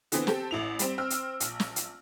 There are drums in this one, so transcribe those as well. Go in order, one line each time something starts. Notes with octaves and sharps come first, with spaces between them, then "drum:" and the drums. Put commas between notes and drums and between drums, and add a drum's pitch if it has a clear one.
D3 E3 B3 C4, drum: hi-hat
C4 G4 A4, drum: snare
A1 E4 F7
G3 C4, drum: hi-hat
C4 E6 F6
drum: hi-hat
A#1, drum: hi-hat
drum: snare
drum: hi-hat